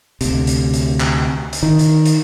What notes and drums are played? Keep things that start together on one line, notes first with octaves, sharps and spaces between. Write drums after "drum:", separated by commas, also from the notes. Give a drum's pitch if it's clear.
D2 C3, drum: hi-hat
drum: hi-hat
drum: hi-hat
drum: clap
drum: hi-hat
D#3
drum: hi-hat
drum: hi-hat